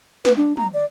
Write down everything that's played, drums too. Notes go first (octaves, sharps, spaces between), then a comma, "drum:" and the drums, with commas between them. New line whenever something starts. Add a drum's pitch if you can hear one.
B4, drum: snare
D4
A#5, drum: tom
D5